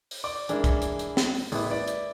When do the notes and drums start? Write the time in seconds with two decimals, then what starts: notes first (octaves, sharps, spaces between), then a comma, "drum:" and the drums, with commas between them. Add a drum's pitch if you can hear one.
0.11 drum: open hi-hat
0.24 D5 D6
0.49 E3 G#3 D4 E4 A#4, drum: hi-hat
0.64 drum: kick, hi-hat
0.82 drum: hi-hat
0.99 drum: hi-hat
1.17 drum: snare
1.35 drum: open hi-hat
1.52 A1 G#3 A#3 E4 G#4 B4, drum: open hi-hat
1.70 E4 B4 D5
1.88 drum: hi-hat